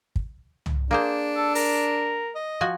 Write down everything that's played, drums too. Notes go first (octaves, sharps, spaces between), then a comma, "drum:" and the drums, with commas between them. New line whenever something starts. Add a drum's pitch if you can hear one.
drum: kick
drum: tom
A#3 D4 G#4 C5
A4
A#4, drum: open hi-hat
D#5
F3 F#4 G#5